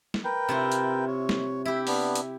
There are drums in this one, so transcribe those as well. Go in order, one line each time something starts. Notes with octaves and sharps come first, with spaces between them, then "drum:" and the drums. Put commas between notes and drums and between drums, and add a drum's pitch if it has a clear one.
drum: snare
A#4 B4 G5
C3 E4 F4
drum: hi-hat
C#5
drum: snare
E4 G4 E5
B3 D4, drum: open hi-hat
drum: hi-hat